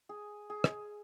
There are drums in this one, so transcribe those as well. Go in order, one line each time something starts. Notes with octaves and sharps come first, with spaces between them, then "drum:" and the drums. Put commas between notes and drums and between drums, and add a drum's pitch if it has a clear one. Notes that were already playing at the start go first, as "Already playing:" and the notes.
G#4
G#4
drum: rim click